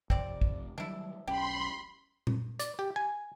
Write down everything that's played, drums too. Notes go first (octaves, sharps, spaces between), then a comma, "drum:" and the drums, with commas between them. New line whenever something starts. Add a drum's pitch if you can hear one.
F2 C3 C4 D5, drum: kick
drum: kick
D#3 F#3 G3 D4 E4
E1 B1 C#4 G4 B5 C6
drum: tom A#2
D5, drum: hi-hat
G4
G#5